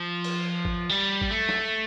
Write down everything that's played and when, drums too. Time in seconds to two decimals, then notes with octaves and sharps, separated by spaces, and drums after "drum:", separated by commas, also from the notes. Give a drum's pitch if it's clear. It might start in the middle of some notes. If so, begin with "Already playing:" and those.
Already playing: F3
0.24 drum: cymbal
0.65 drum: kick G#1
0.89 G3
1.21 drum: kick G#1
1.31 A3
1.49 drum: snare